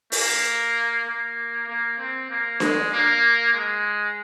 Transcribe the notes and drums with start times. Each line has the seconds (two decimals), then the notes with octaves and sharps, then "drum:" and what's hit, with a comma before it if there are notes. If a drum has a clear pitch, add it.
0.12 A#3, drum: open hi-hat
1.05 A#3
1.68 A#3
1.98 C4
2.30 A#3
2.60 G#3, drum: snare D4
2.91 A#3
3.53 G#3